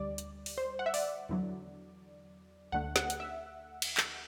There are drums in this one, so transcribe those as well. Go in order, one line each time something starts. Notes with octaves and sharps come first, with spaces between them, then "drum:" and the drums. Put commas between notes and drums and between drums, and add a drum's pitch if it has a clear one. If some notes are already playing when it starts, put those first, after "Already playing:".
Already playing: D2 D3 G3 D5
drum: hi-hat
drum: open hi-hat
C5
F#5
E5
D5, drum: open hi-hat
E2 D3 F#3
D2 D3 A3 F#5
F#5, drum: snare
drum: hi-hat
E5
drum: cymbal
drum: clap